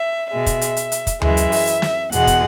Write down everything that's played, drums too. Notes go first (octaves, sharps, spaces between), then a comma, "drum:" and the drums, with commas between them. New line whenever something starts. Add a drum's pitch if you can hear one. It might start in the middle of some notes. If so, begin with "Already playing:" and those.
Already playing: E5
B2 G#3 E5
drum: kick, hi-hat
drum: hi-hat
drum: hi-hat
drum: hi-hat
drum: kick, hi-hat
F#2 E3 G#3 E5, drum: tom D2
drum: hi-hat
drum: open hi-hat
drum: hi-hat
drum: snare
E2 B2 G#3 F#5, drum: hi-hat
drum: kick, hi-hat